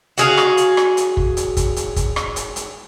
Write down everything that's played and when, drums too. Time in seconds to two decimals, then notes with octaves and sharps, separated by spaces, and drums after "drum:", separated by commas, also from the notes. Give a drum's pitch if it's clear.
0.18 F#4 G#4 F5, drum: hi-hat
0.37 drum: rim click
0.57 drum: hi-hat
0.77 drum: rim click
0.97 drum: hi-hat
1.17 drum: kick
1.37 drum: hi-hat
1.57 drum: kick, hi-hat
1.76 drum: hi-hat
1.96 drum: kick, hi-hat
2.16 drum: rim click
2.36 drum: hi-hat
2.56 drum: hi-hat